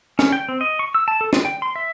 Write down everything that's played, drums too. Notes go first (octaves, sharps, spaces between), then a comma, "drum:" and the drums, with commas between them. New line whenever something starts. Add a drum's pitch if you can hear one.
C#4, drum: snare
G5
C4
D#5
C#6
E6
A5
A4
F4, drum: snare
G5
C6
E5